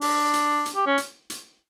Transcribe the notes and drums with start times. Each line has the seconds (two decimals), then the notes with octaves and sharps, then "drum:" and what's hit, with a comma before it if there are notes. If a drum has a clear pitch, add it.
0.01 D4, drum: open hi-hat
0.33 drum: hi-hat
0.66 drum: hi-hat
0.76 G4
0.86 C#4
0.98 drum: hi-hat
1.30 drum: hi-hat